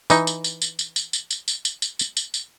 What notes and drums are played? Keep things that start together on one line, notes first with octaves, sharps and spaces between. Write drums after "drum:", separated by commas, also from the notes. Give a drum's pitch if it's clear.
E3 D#4, drum: tambourine
drum: tambourine
drum: tambourine
drum: tambourine
drum: tambourine
drum: tambourine
drum: tambourine
drum: tambourine
drum: tambourine
drum: tambourine
drum: tambourine
drum: tambourine
drum: tambourine
drum: tambourine